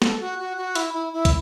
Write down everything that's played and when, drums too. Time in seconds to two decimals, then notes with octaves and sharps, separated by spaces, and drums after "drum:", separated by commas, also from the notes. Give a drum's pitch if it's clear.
0.02 A4, drum: snare
0.20 F#4
0.39 F#4
0.57 F#4
0.75 E4, drum: hi-hat
0.93 E4
1.13 E4
1.25 drum: kick, hi-hat